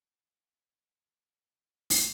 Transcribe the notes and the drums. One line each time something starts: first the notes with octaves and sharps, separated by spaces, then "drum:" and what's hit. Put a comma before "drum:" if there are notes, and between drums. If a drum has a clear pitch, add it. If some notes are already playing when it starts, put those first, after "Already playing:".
E5 F5
drum: open hi-hat